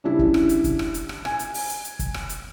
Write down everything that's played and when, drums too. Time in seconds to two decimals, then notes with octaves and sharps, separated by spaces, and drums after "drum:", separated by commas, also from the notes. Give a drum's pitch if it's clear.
0.04 C#3 G3 D4 E4
0.19 drum: kick
0.34 drum: rim click
0.49 drum: hi-hat
0.64 drum: kick, hi-hat
0.79 drum: rim click
0.94 drum: hi-hat
1.09 drum: rim click
1.25 G#5, drum: rim click
1.39 drum: hi-hat
1.54 drum: open hi-hat
1.69 drum: hi-hat
1.84 drum: hi-hat
1.99 drum: kick, hi-hat
2.14 drum: rim click
2.29 drum: hi-hat